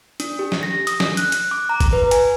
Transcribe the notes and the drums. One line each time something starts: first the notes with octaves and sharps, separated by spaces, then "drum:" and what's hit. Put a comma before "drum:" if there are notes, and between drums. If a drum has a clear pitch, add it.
D4, drum: hi-hat
G4
drum: snare
A#6
D#6, drum: hi-hat
drum: snare
F#6, drum: hi-hat
drum: hi-hat
D6
A#5
drum: kick, hi-hat
B4
G#5, drum: hi-hat